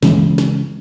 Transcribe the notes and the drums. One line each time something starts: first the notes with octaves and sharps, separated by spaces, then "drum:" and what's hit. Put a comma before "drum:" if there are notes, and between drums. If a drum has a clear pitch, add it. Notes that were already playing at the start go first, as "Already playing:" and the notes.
C#3 E3 G#3 C#4, drum: snare
drum: snare